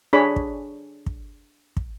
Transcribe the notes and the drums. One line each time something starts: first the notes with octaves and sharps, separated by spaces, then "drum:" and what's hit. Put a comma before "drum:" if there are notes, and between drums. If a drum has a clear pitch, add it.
D4 G#4 C#5 B5
drum: kick
drum: kick
drum: kick